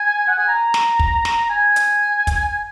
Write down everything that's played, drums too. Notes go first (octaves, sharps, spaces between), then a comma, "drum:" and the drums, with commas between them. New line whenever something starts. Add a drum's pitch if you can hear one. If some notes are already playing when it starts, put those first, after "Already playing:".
Already playing: G#5
F#5
G#5
A#5
drum: snare
drum: kick
drum: snare
G#5
drum: hi-hat
drum: kick, hi-hat